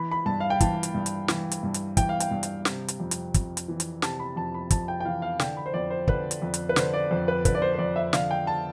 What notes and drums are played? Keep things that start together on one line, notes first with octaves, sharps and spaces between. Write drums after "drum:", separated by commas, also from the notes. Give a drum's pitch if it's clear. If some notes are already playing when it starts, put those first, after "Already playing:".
Already playing: E3 B5
B5
G2 A5
F5
G5
E3 A5, drum: kick, hi-hat
drum: hi-hat
G2
drum: hi-hat
E3, drum: snare
drum: hi-hat
G2
drum: hi-hat
E3 G5, drum: kick, hi-hat
F5
G5, drum: hi-hat
G2
drum: hi-hat
C3, drum: snare
drum: hi-hat
F2
drum: hi-hat
F2, drum: kick, hi-hat
drum: hi-hat
E3
drum: hi-hat
C3 A5, drum: snare
B5
F2 A5
B5
F2 A5, drum: kick, hi-hat
G5
G5
E3 F5
F5
D3 G5, drum: snare
B5
C5
F2 D5
C5
D3 B4, drum: kick
drum: hi-hat
F2
drum: hi-hat
B4
D3 C5, drum: snare
D5
F2 C5
B4
D3 B4, drum: kick, hi-hat
D5
C5
C5
F2 D5
E5
D3 F5, drum: snare
G5
A5